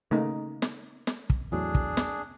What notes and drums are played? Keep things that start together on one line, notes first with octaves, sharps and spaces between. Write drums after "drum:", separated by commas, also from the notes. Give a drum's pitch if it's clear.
C#3 A3 A#3 D#4
drum: snare
drum: snare
drum: kick
E2 A2 F#3 D4 G#4
drum: kick
drum: snare